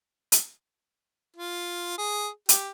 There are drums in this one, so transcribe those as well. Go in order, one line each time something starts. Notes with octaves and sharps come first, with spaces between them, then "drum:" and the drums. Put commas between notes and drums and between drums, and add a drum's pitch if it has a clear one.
drum: hi-hat
F4
G#4
G4, drum: hi-hat